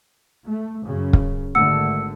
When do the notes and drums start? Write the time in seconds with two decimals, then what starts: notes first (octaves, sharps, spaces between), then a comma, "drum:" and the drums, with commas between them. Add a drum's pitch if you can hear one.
0.45 A3
0.85 F#2 C#3
1.13 drum: kick
1.55 G#1 D3 A3 F#5 E6 C#7